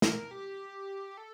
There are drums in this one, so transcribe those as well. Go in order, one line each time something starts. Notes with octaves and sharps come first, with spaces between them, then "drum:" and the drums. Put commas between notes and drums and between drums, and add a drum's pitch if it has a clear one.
A#4, drum: snare
G4
A4